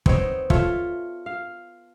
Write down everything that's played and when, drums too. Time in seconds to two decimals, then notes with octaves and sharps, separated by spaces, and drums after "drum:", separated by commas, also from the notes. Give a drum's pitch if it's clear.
0.06 B3 C4 D#4 C#5, drum: kick
0.50 F4 A4 C#5 E5, drum: kick
1.26 F5